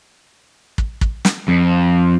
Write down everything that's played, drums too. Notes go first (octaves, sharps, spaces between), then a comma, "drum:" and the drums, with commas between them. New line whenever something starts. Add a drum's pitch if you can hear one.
drum: kick
drum: kick
drum: snare
F2